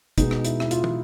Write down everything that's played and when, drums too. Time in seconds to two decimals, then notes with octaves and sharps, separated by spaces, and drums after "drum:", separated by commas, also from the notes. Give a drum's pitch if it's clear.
0.18 B2 G#3 D#4, drum: kick, hi-hat
0.31 drum: rim click
0.45 E4, drum: hi-hat
0.60 E4, drum: rim click
0.71 F4, drum: hi-hat
0.84 drum: tom